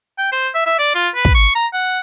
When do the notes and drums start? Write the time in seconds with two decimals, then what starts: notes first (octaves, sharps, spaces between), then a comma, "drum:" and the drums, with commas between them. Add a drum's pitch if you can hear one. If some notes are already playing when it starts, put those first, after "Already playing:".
0.18 G5
0.32 C5
0.55 E5
0.66 E5
0.79 D5
0.95 F4
1.15 B4
1.25 drum: kick
1.34 C#6
1.55 A#5
1.73 F#5